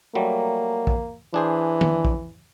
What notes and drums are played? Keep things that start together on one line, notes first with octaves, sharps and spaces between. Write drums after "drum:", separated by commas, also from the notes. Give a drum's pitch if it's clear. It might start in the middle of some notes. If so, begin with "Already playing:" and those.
F#3 G3 A3 A#3
drum: kick
E3 D4 G#4 C5
drum: tom
drum: kick